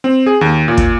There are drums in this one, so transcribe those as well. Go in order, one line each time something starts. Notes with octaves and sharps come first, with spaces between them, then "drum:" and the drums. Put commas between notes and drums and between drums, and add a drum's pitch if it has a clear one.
C4
G#4
D#2
A#2
drum: kick